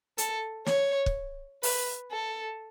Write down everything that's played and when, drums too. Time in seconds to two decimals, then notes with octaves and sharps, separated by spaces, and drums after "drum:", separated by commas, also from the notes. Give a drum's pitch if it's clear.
0.18 A4, drum: hi-hat
0.66 C#5, drum: snare
1.06 drum: kick
1.63 B4, drum: open hi-hat
2.11 A4